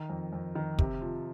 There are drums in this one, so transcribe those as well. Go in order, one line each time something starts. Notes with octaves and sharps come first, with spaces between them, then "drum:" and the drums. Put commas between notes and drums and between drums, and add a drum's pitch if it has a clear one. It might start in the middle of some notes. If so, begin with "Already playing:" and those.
Already playing: D#3
F2
F2
D#3
C3, drum: kick
F3